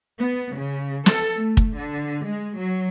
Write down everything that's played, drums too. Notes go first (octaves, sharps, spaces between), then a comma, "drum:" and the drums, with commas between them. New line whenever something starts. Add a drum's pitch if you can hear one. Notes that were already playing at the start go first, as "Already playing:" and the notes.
B3
C#3
A4, drum: snare
A3
drum: kick
D3
G#3
F#3